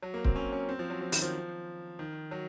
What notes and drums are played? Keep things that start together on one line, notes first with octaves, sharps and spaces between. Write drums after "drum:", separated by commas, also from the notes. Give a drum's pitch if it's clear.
F#3
A#3
C4, drum: kick C#1
C#4
C#4
C4
F3
F#3
F3
D#3, drum: open hi-hat
F3
D#3
F#3